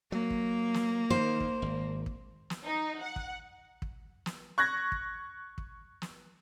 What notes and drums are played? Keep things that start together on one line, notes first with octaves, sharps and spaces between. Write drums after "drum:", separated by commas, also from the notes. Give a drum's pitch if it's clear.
F#3 A#3
drum: kick
drum: snare
D#3 C5
drum: kick
G#1
drum: kick
drum: snare
D#4
F#5
drum: kick
drum: kick
drum: snare
C#6 F#6 G#6 A#6
drum: kick
drum: kick
drum: snare